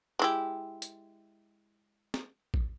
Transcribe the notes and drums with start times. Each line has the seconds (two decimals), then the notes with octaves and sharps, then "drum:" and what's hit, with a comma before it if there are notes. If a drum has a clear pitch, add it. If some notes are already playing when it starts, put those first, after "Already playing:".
0.19 G#3 E4 G4
0.82 drum: hi-hat
2.14 drum: snare
2.54 drum: kick